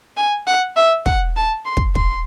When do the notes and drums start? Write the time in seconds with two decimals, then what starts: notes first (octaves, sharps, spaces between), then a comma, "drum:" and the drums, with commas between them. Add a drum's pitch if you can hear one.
0.17 G#5
0.47 F#5
0.76 E5
1.06 F#5, drum: kick
1.36 A5
1.65 C6
1.77 drum: kick
1.95 C6, drum: kick